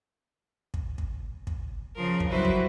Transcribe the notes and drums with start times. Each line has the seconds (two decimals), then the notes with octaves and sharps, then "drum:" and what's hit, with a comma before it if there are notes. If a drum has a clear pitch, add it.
0.74 drum: kick
0.98 drum: kick
1.47 drum: kick
1.96 C#3 F3 A#4
2.20 drum: kick
2.30 F#3 G3 E4 F#4 B4 C5
2.45 drum: kick